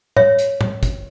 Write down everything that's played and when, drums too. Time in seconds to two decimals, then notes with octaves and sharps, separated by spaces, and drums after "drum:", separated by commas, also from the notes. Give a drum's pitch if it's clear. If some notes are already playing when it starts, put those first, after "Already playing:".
0.16 C#5 E5, drum: tom A2
0.39 drum: hi-hat
0.61 drum: tom A2
0.83 drum: kick, hi-hat